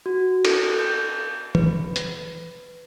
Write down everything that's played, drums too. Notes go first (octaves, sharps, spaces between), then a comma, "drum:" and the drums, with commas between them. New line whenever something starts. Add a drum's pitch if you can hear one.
F#4
A4, drum: cymbal
G6
B4, drum: tom E3
drum: hi-hat